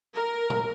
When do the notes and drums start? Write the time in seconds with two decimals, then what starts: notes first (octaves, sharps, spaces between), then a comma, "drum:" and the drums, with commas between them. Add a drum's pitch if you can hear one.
0.15 A#4
0.50 drum: tom A#2